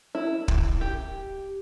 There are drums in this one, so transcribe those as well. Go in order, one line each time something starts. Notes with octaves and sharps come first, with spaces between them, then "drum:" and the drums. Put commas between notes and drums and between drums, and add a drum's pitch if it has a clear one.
E4
drum: kick
G4